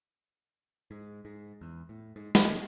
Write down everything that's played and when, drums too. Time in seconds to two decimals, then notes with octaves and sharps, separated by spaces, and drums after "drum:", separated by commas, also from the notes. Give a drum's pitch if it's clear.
0.91 G#2
1.25 G#2
1.61 E2
1.89 A2
2.16 G#2
2.35 D#2, drum: snare